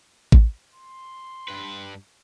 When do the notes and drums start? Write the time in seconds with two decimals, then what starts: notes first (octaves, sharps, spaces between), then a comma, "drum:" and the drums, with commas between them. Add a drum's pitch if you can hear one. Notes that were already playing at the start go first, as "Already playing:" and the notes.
0.32 drum: kick A1
0.72 C6
1.48 G2 B4